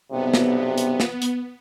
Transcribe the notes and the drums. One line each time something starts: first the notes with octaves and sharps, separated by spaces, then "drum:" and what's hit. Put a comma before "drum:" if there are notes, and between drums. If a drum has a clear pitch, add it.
B1 G2 C3 B3
drum: snare
drum: hi-hat
drum: snare
drum: hi-hat